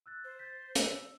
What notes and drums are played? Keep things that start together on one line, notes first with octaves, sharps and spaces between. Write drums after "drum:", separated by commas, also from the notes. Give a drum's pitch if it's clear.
E6 F#6 A6
C5
G6 A6 B6
E6, drum: hi-hat